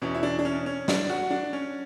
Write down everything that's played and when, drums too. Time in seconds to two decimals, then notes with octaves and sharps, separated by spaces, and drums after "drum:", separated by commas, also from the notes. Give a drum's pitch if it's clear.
0.02 E2 B2 C#4
0.14 E4
0.23 D4
0.39 D4
0.45 C#4
0.66 C#4
0.88 D4, drum: snare
1.10 F#4
1.31 D4
1.53 C#4